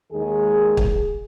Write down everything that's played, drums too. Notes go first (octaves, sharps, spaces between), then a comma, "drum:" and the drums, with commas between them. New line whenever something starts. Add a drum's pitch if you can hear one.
D#2 D#3 G#3 G#4
drum: kick